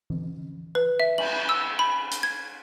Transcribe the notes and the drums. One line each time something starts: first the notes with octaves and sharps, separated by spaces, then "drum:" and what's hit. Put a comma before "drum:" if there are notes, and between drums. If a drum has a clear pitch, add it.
drum: tom E3
B4
E5
F#7, drum: cymbal
E6
B5
drum: hi-hat
G#6